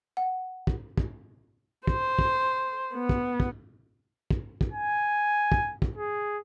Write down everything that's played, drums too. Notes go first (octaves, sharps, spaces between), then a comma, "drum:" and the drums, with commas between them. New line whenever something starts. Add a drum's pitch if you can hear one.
F#5
drum: kick
drum: kick
C5, drum: kick
drum: kick
B3
drum: kick
drum: kick
drum: kick
drum: kick
G#5
drum: kick
drum: kick
G#4